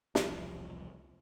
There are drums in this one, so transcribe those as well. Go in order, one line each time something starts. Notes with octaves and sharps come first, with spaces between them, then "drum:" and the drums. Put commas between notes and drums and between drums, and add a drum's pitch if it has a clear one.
E1 C2 F3, drum: snare